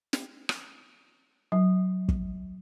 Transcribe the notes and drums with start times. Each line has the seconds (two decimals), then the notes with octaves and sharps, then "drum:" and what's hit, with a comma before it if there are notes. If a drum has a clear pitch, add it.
0.13 drum: snare
0.49 drum: rim click
1.52 F#3
2.09 drum: kick